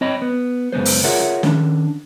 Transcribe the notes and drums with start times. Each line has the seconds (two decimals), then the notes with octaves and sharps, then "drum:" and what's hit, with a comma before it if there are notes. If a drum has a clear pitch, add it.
0.01 C4 C#5 D#5 G5 B5
0.22 B3
0.72 F#2 C#3 G#3 B3 C5
0.85 drum: open hi-hat
1.04 F4 G#4 A#4 C#5 E5 F#5
1.43 D#3 C#4 D4, drum: snare